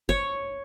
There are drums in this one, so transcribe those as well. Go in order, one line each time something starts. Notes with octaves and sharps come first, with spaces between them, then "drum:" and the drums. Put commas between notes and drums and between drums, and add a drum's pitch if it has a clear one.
C#5, drum: kick F#1